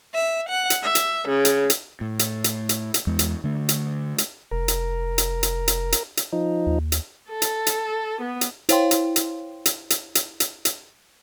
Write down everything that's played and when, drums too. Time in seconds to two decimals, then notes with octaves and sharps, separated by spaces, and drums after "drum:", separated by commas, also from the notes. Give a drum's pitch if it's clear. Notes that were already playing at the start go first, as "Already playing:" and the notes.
0.15 E5
0.49 F#5
0.70 drum: hi-hat
0.81 E5
0.95 drum: hi-hat
1.26 C#3
1.45 drum: hi-hat
1.70 drum: hi-hat
2.01 A2
2.19 drum: hi-hat
2.44 drum: hi-hat
2.69 drum: hi-hat
2.94 drum: hi-hat
3.07 E2 G#3
3.19 drum: hi-hat
3.44 D3 A3
3.69 drum: hi-hat
4.18 drum: hi-hat
4.51 F1 A#4
4.68 drum: hi-hat
5.18 drum: hi-hat
5.43 drum: hi-hat
5.68 drum: hi-hat
5.92 drum: hi-hat
6.17 drum: hi-hat
6.33 F3 D#4
6.67 D#2
6.92 drum: hi-hat
7.30 A4
7.42 drum: hi-hat
7.67 drum: hi-hat
8.21 B3
8.41 drum: hi-hat
8.69 E4 C5 C#5 F5 G5 C6, drum: hi-hat
8.91 drum: hi-hat
9.16 drum: hi-hat
9.66 drum: hi-hat
9.90 drum: hi-hat
10.15 drum: hi-hat
10.40 drum: hi-hat
10.65 drum: hi-hat